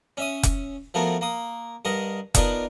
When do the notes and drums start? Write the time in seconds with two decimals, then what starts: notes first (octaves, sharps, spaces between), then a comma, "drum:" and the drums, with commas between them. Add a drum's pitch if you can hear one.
0.17 C#4 E5 D#6
0.43 drum: kick F1, hi-hat
0.94 F3 A3 B3 F#4 A#4
1.21 A#3 D#6
1.85 G2 A#4 D#5 F#5
2.35 B3 D4 D#4 F4 A#4 B4, drum: kick F1, hi-hat